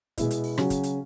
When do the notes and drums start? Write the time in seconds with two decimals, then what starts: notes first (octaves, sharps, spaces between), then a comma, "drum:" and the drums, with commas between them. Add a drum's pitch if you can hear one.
0.18 B2 G#3 B3 E4, drum: kick, hi-hat
0.31 drum: hi-hat
0.44 drum: open hi-hat
0.58 C#3 F#3 C#4 F#4, drum: rim click
0.70 drum: kick, hi-hat
0.83 drum: hi-hat